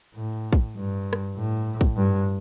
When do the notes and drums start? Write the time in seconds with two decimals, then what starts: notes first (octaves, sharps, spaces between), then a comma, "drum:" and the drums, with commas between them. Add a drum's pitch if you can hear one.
0.16 A2
0.53 drum: kick
0.76 G2
1.13 drum: rim click
1.37 A2
1.81 drum: kick
1.97 G2